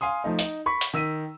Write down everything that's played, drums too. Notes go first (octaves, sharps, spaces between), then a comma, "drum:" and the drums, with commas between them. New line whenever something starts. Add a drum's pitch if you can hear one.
F5 G#5 C6 D#6
F3 A3 D#4
D#4, drum: hi-hat
B5 C#6 B6
drum: hi-hat
D#3 E6 B6 D#7